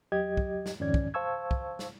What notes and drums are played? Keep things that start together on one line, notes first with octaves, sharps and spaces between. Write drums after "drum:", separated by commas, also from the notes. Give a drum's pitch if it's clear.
E2 F#3 G4 D#5 G#6
drum: kick
drum: snare
F2 G#2 D#3 C#4 D5 G#6
drum: kick
C5 F5 A5 C#6 E6 G#6
drum: kick
drum: snare